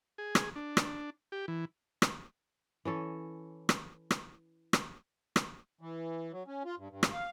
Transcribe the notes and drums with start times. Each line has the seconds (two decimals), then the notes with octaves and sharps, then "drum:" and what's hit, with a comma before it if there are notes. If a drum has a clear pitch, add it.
0.18 G#4
0.35 drum: rim click
0.56 D4
0.77 drum: rim click
1.32 G4
1.48 E3
2.02 drum: rim click
2.85 E3 C#4 A4
3.69 drum: rim click
4.11 drum: rim click
4.73 drum: rim click
5.36 drum: rim click
5.81 E3
6.32 F#3
6.48 C#4
6.65 F4
6.78 G2
6.90 G2
7.03 drum: rim click
7.13 F5